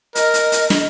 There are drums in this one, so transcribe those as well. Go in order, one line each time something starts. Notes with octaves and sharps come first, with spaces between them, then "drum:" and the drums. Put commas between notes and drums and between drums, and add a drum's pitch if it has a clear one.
A#4 D#5, drum: hi-hat
drum: hi-hat
drum: hi-hat
drum: snare